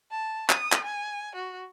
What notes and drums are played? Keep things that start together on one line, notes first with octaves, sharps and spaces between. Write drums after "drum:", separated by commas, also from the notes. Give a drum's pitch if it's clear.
A5
D#6, drum: clap
drum: clap
G#5
F#4